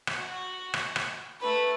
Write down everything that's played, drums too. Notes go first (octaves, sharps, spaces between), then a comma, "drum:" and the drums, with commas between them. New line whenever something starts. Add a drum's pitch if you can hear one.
drum: rim click
F#4
drum: rim click
drum: rim click
A3 B4